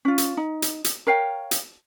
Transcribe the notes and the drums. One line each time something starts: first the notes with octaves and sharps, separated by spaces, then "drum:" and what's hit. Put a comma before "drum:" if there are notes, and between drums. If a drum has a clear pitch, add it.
C#4 F4
drum: hi-hat
D#4
drum: hi-hat
drum: hi-hat
A#4 C#5 F5 G5
drum: hi-hat